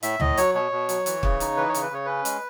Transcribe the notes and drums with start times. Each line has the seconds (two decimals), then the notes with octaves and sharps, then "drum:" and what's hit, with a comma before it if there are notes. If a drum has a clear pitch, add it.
0.03 A2 E5, drum: hi-hat
0.20 A2 D#5, drum: tom
0.37 F#3 C#5, drum: hi-hat
0.54 B2 C#5
0.72 B2
0.89 F#3, drum: hi-hat
1.06 E3, drum: hi-hat
1.23 C#3, drum: kick
1.40 D#4, drum: hi-hat
1.57 E3 B4
1.69 C#5
1.74 C#3, drum: hi-hat
1.82 B4
1.91 C#3 C#5
2.05 C#4 B4
2.25 G#3, drum: hi-hat